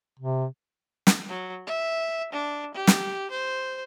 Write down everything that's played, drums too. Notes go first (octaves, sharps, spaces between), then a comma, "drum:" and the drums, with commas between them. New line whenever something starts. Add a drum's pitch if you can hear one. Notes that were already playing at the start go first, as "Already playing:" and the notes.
C3
drum: snare
F#3
E5
D4
G4
drum: snare
C5